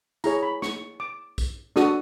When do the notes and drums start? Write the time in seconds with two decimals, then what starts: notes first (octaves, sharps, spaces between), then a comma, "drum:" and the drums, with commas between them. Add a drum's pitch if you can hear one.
0.24 E4 G#4 C#5 A#5, drum: tambourine
0.43 B5
0.62 C#6, drum: snare
1.00 D6
1.38 drum: kick, tambourine
1.76 D4 F#4 A4 D#6, drum: snare